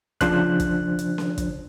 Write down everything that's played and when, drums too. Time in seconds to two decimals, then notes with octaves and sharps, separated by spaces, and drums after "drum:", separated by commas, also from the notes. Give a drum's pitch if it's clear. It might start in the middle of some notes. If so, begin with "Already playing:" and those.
0.21 C#3 F3 D4 C5 F#6, drum: kick, hi-hat
0.60 drum: kick, hi-hat
0.99 drum: hi-hat
1.18 drum: snare C#4
1.38 drum: kick, hi-hat